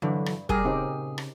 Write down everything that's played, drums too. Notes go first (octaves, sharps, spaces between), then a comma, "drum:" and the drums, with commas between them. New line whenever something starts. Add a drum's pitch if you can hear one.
G2 D3 E3 F#3
drum: rim click
A#2 G3 G#4 A#4, drum: kick
C#3 C4 D#4 G4
drum: rim click